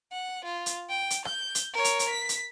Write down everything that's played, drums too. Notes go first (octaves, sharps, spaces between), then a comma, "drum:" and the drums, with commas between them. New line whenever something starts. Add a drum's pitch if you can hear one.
F#5
F4
drum: hi-hat
G5
drum: hi-hat
G6, drum: rim click
drum: hi-hat
A#4 C#5
drum: hi-hat
drum: hi-hat
B6
drum: hi-hat